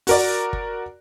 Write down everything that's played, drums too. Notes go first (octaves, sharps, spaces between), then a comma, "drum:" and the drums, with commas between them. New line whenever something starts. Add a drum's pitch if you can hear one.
F#4 A#4 D5, drum: open hi-hat
drum: kick G1